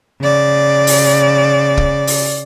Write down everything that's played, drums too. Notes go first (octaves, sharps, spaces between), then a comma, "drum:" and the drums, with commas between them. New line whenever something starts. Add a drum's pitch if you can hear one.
C#3 D5
drum: open hi-hat
drum: kick
drum: open hi-hat